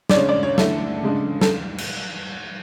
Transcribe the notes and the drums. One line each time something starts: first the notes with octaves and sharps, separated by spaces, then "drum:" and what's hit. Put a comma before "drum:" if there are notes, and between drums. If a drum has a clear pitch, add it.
D5, drum: snare
C#3 G#3 D4 C#5
D5
C#5
D3 A3 E4 A4, drum: snare
C#3 G#3 D4
A4, drum: snare
drum: cymbal